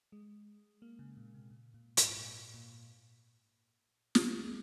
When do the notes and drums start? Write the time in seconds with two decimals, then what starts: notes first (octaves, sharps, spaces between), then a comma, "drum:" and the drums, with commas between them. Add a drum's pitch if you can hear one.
0.12 G#3
0.82 A#3
0.99 C#3
1.17 A#2
1.34 C3
1.51 A#2
1.74 A#2
1.97 G#2, drum: hi-hat
2.20 A#2
2.54 A#2
4.15 drum: snare
4.27 A#3
4.44 G#3